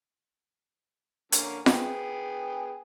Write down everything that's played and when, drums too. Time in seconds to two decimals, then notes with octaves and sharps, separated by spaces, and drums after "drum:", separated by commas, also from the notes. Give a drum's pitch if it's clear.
1.32 D3 A#3 C#4, drum: hi-hat
1.66 B3 G#4 G5, drum: snare F4